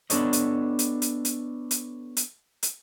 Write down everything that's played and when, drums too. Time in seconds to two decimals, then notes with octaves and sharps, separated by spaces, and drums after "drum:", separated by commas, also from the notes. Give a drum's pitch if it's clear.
0.10 B3 D4 A4 C#5 D#5, drum: hi-hat
0.33 drum: hi-hat
0.79 drum: hi-hat
1.02 drum: hi-hat
1.25 drum: hi-hat
1.71 drum: hi-hat
2.17 drum: hi-hat
2.63 drum: hi-hat